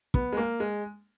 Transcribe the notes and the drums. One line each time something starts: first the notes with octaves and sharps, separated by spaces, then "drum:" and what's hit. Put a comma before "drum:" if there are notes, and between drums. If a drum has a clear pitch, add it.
B3, drum: kick
G#3
A#3
G#3